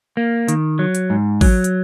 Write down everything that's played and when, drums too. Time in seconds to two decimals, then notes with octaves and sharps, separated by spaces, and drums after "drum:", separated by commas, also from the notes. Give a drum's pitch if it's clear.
0.17 A#3
0.49 D#3, drum: hi-hat
0.79 F#3
0.95 drum: hi-hat
1.10 G#2
1.41 F#3, drum: kick A1, open hi-hat
1.64 drum: hi-hat